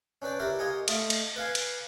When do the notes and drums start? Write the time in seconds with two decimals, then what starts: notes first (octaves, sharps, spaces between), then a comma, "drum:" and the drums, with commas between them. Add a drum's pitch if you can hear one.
0.22 C#4 D4 B4 D5 G5
0.39 E4 G4 A#4 B4 D5 A#5
0.59 F4 G4 A#4 D#5 G#5 C#6
0.88 A3 F4 D#5, drum: cymbal
1.10 drum: cymbal
1.36 B4 F5 G#5
1.55 drum: cymbal